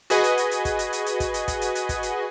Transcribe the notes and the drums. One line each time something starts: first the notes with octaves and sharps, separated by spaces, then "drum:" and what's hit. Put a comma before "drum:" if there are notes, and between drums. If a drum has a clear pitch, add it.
F#4 G#4 B4 D#5 G#5, drum: hi-hat
drum: hi-hat
drum: hi-hat
drum: hi-hat
drum: kick, hi-hat
drum: hi-hat
drum: hi-hat
drum: hi-hat
drum: kick, hi-hat
drum: hi-hat
drum: kick, hi-hat
drum: hi-hat
drum: hi-hat
drum: kick, hi-hat
drum: hi-hat